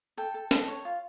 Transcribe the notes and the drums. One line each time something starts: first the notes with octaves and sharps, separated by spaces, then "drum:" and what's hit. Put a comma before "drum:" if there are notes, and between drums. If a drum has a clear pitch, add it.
A4 G5
A4
A4, drum: snare
C#5
F4